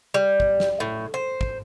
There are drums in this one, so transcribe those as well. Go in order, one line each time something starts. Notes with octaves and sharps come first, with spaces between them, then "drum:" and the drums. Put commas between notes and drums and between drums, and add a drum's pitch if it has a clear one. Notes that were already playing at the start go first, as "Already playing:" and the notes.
G3
drum: kick
drum: snare
A2
C5
drum: kick